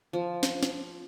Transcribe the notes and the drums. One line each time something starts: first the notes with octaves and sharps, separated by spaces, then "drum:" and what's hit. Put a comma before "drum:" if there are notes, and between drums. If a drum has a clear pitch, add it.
F3
drum: snare
drum: snare